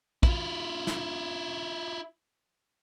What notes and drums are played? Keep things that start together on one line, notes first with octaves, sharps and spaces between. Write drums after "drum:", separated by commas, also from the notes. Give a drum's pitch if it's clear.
E4 F4, drum: kick
drum: snare